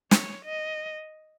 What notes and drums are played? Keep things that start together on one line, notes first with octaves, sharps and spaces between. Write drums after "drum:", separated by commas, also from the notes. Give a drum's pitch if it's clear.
C#5, drum: snare
D#5